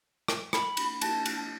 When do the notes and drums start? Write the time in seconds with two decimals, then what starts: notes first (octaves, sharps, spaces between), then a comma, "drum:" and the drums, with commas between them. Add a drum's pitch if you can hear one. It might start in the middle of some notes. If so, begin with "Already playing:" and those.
0.28 drum: rim click
0.53 B5, drum: rim click
0.77 drum: cymbal
1.01 A5, drum: cymbal
1.26 drum: cymbal